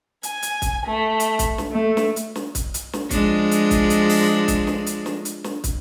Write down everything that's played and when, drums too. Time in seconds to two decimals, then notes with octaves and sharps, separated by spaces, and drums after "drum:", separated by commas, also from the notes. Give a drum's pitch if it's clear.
0.23 G#5, drum: hi-hat
0.42 drum: hi-hat
0.62 drum: kick, hi-hat
0.84 A3
1.20 drum: hi-hat
1.39 drum: kick, hi-hat
1.58 drum: snare
1.71 A3
1.97 drum: snare
2.16 drum: hi-hat
2.36 drum: snare
2.55 drum: kick, hi-hat
2.74 drum: hi-hat
2.93 drum: snare
3.11 F3 G#3 D4, drum: kick, hi-hat
3.51 drum: hi-hat
3.71 drum: kick, hi-hat
3.90 drum: hi-hat
4.09 drum: open hi-hat
4.48 drum: kick, hi-hat
4.67 drum: snare
4.86 drum: hi-hat
5.06 drum: snare
5.25 drum: hi-hat
5.44 drum: snare
5.64 drum: kick, hi-hat